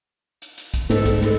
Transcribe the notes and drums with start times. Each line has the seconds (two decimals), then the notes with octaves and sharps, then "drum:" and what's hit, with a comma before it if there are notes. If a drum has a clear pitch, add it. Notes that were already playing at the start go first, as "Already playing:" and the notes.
0.42 drum: hi-hat
0.58 drum: hi-hat
0.74 drum: kick, hi-hat
0.90 G#2 A4, drum: snare
1.05 drum: kick, hi-hat
1.21 drum: snare